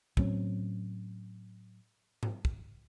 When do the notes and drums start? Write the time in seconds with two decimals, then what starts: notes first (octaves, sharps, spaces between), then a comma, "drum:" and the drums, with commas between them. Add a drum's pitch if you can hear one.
0.17 A2 F#3 C4 C#4, drum: kick
2.23 drum: tom G#2
2.45 drum: kick